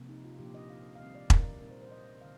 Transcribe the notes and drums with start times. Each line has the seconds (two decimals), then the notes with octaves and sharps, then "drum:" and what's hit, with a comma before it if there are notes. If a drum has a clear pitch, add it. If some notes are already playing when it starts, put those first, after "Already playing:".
Already playing: C3 F3 A#3
0.09 D#4
0.24 F4
0.39 A#2 F3 A#3 D4 G4
0.55 D#5
0.70 F5
0.95 F5
0.99 D#3 G3 C4 D#5
1.15 D5
1.30 A#4, drum: kick E1
1.60 A#2 G3 C4 D#4 A#4
1.70 C5
1.82 C5
1.91 D#5
2.21 D3 F5